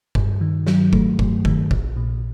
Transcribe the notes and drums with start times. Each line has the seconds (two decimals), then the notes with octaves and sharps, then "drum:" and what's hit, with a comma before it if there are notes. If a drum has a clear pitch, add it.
0.15 G2, drum: kick F1
0.41 D#3
0.67 F#3, drum: snare
0.93 A3, drum: kick F1
1.19 G2, drum: kick F1
1.45 D#3, drum: kick F1
1.71 A#1, drum: kick F1
1.97 A#2